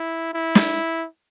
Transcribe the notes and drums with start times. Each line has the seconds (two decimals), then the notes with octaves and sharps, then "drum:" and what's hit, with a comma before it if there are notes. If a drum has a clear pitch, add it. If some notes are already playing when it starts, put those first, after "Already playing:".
Already playing: E4
0.34 E4
0.55 drum: snare